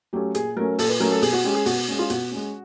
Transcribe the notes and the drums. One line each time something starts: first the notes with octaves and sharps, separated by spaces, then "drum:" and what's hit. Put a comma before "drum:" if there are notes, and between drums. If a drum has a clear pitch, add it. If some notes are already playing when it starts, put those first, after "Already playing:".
F#3 A3 C#4 G4
A#2 G#4, drum: hi-hat
F#3 A3 C#4 A#4
A#2 A4, drum: open hi-hat
B4
F#3 A3 C#4 A#4
A4
B2 G#4, drum: open hi-hat
F#4
G#3 C#4 G4
G#4
B2 F#4, drum: open hi-hat
G#3 C#4
F4
B2 F#4, drum: hi-hat
G#3 C#4